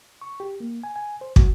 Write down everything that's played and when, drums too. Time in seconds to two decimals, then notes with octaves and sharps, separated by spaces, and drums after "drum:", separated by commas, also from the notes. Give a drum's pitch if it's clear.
0.21 C#6
0.40 G4
0.60 A#3
0.83 G#5
0.96 G#5
1.21 C5
1.36 F#4, drum: kick